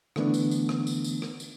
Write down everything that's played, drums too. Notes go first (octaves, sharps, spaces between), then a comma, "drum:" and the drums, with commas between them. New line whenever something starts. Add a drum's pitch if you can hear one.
D3 E3 A3 B3 D4, drum: rim click
drum: tambourine
drum: tambourine
drum: rim click
drum: tambourine
drum: tambourine
drum: rim click
drum: tambourine